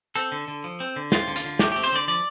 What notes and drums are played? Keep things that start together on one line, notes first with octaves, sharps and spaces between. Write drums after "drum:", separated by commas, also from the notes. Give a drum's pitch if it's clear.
C4 A4
D3
D3
F3
C4
D3
C4 F4, drum: snare
D3
F4, drum: hi-hat
D3
A3 G4, drum: snare
C4 G4
C5, drum: hi-hat
D3 D5
F3 D5